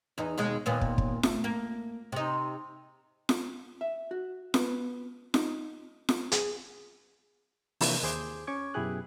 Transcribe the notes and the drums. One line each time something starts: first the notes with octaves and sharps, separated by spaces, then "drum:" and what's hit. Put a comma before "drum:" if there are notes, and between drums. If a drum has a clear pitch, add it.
E2 D#4
D#2 B2 G#3
D#2 A#2 B3
drum: kick
drum: kick
A3, drum: snare F4
A#3
C3 D#4
drum: snare F4
E5
F#4
B3, drum: snare F4
D#4, drum: snare F4
drum: snare F4
G#4, drum: hi-hat
C3 E3 F3 A#3 D4, drum: open hi-hat
D#2 G#4 C5 D6 G6
C#4 C#6 D6 G#6
F#2 B2 E4 G4 G#4 F#6